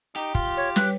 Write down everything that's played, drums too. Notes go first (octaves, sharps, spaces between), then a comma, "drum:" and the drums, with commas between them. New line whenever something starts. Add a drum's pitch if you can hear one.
D#4 G4
F4, drum: kick
C#5
G3 B4 C#5 F#6, drum: snare